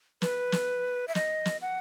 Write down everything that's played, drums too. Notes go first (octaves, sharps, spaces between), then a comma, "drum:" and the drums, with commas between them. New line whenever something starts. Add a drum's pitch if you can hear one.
B4, drum: snare
drum: snare
E5
D#5, drum: snare
drum: snare
F#5